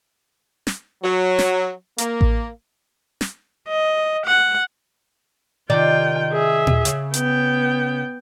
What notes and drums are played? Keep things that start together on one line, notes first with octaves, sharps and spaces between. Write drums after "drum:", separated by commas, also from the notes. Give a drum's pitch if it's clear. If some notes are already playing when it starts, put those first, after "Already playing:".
drum: snare
F#3
drum: snare
A#3, drum: hi-hat
drum: kick A1
drum: snare
D#5
F#5
C3 D#3 F4 D5 G5
G#4 E5
drum: tom
C#3, drum: hi-hat
B3 G5, drum: hi-hat